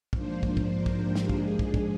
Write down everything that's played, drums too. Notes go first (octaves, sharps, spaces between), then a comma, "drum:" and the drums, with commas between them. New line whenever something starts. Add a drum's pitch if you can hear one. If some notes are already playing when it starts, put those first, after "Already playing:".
G#2 F3 A#3 D4 C5, drum: kick
C5, drum: kick
drum: kick
A#4
drum: kick
G4
drum: snare
G#2 F3 G#3 D4 G#4, drum: kick
drum: kick
drum: kick